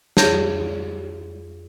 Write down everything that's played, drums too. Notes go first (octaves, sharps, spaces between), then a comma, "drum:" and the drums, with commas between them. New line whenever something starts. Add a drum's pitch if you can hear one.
F2 G#4 C#5 G6 A#6, drum: snare